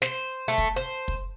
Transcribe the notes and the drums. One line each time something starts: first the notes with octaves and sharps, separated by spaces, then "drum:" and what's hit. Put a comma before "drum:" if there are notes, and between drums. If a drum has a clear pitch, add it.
C5, drum: snare
A3
drum: kick
C5
drum: kick